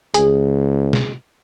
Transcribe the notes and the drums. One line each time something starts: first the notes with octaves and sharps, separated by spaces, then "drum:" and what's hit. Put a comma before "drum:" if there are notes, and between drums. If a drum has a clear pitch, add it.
C#2 G#4, drum: hi-hat
drum: snare